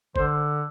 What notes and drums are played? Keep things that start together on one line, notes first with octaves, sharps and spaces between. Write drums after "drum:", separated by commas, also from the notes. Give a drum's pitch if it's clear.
D3 C5, drum: kick F#1